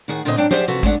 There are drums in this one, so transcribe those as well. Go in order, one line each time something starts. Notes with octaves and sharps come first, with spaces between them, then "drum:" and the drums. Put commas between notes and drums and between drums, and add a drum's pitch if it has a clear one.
A2 D#3 G#4 F#5
A#2 D3 B3 C4 E4 D#5
G#2 F#3 D4 G5
G4 G#4 C5 D5 E5 F#5, drum: snare
C3 F3 F#4 A4 B4, drum: hi-hat
G#3 A3 D4 F#5, drum: kick